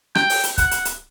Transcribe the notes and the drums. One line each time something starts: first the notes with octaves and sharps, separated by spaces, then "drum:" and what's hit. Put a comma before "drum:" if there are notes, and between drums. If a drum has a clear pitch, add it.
G5, drum: rim click
drum: open hi-hat
drum: hi-hat
F#5, drum: kick, hi-hat
drum: hi-hat
drum: hi-hat